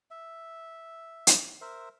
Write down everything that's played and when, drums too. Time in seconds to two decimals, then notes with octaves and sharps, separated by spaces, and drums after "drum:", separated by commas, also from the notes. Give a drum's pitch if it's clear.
0.11 E5
1.27 drum: hi-hat
1.61 A#4 C5 E5